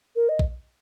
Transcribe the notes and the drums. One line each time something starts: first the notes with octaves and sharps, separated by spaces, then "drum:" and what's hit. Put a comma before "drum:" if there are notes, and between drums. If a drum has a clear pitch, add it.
A#4
D#5
drum: kick